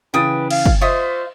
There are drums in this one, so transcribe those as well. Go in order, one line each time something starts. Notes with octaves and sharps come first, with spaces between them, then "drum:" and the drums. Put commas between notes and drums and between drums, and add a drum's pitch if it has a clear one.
C#3 E3 B4 G5 G#5 D#6 A6
F5, drum: cymbal
drum: kick
F4 C5 D#5 E5 C#6 D#6